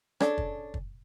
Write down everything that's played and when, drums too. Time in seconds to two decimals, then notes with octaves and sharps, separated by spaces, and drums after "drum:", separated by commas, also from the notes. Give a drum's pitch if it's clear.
0.20 C#4 D4 G#4 A4, drum: rim click
0.38 drum: kick
0.74 drum: kick